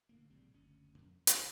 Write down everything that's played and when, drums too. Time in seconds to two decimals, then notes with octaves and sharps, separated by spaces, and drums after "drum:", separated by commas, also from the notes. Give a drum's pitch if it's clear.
0.09 A2 D3 A#3
0.30 A#1 C#3 G3 C4
0.53 F#1 D2 C#4
0.99 F2 C#4
1.27 G1 D3, drum: hi-hat